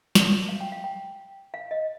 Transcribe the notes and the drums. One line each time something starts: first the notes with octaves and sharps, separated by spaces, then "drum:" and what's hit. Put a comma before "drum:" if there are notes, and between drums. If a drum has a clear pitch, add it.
drum: snare
F5
G5
F5
G5
F5
D#5